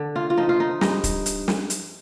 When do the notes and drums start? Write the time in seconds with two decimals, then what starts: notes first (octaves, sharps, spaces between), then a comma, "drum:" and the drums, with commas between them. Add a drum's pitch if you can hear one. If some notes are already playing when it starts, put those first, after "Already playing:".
Already playing: D3
0.16 F4
0.30 F4
0.37 F3 D#4
0.49 F4
0.60 D#4
0.81 G2 D#4, drum: snare
1.04 drum: kick, hi-hat
1.26 drum: hi-hat
1.48 drum: snare
1.70 drum: hi-hat